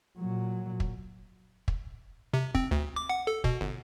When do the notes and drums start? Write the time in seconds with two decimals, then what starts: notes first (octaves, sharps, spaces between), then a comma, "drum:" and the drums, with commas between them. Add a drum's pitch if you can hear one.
0.18 A#2 F#3
0.80 drum: kick
1.68 drum: kick
2.34 C3
2.55 C4, drum: kick
2.71 D2
2.96 D6
3.09 F#5
3.27 A4
3.44 B2, drum: kick
3.61 G1